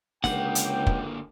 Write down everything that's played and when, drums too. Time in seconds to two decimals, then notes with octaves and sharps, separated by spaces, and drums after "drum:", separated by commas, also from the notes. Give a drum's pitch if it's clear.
0.24 C#2 D3 A#3 F#5 G5, drum: snare
0.55 drum: hi-hat
0.87 drum: kick